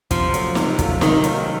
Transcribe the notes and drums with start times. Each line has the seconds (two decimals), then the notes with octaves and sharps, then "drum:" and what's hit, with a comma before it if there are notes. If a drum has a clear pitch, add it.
0.11 C3 F3, drum: kick, hi-hat
0.34 F#3 A3 C#4 F4, drum: hi-hat
0.55 C3, drum: snare
0.79 F#3 A3 C#4 F4, drum: kick, hi-hat
1.01 C3 D#3, drum: snare
1.24 F#3 A3 C#4 F4, drum: hi-hat